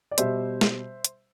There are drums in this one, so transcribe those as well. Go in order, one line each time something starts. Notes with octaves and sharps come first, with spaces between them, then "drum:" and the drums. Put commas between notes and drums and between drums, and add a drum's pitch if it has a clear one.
D5
B2 G3 C5 E5, drum: hi-hat
drum: snare
drum: hi-hat